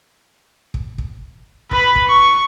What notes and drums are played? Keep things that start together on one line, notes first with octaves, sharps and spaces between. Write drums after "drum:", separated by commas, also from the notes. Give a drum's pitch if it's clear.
drum: kick
drum: kick
B4 B5, drum: kick
drum: kick
C#6